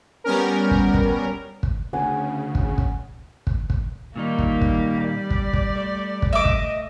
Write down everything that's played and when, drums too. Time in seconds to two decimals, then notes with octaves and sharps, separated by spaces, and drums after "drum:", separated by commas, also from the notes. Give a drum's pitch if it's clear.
0.24 G3 B3 C#4 A#4
0.71 drum: kick
0.94 drum: kick
1.63 drum: kick
1.93 D2 C#3 D5 F#5 G#5
2.55 drum: kick
2.78 drum: kick
3.47 drum: kick
3.70 drum: kick
4.16 A#2 D#3 G3 A#3 D#4
4.39 drum: kick
4.62 drum: kick
5.05 D5
5.30 drum: kick
5.53 drum: kick
5.75 A3
6.22 drum: kick
6.33 D#5 E5 D6
6.45 drum: kick